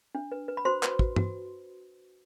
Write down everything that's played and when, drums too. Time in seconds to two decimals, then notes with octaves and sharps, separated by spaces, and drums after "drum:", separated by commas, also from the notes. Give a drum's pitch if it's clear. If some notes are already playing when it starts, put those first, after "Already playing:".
0.15 D4
0.32 B4
0.48 B4
0.57 B5
0.65 F#4 C5 C6
0.83 B4, drum: clap
0.99 F#4, drum: kick
1.16 F#4, drum: tom G2